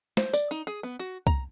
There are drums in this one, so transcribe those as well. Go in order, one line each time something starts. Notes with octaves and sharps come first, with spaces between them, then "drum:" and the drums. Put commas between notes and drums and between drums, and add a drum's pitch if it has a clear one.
C5, drum: snare
D5, drum: tambourine
D#4
G#4
B3
F#4
A#5, drum: kick C2